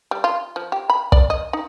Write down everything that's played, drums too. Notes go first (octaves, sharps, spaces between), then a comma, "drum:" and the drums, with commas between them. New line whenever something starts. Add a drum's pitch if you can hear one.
G3
F4
F3
G4
B5
D5, drum: kick
D#5
D#4